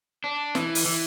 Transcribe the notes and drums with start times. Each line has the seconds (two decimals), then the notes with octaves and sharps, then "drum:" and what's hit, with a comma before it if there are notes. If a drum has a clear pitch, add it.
0.24 D4
0.55 E3, drum: snare
0.75 drum: open hi-hat
0.86 E3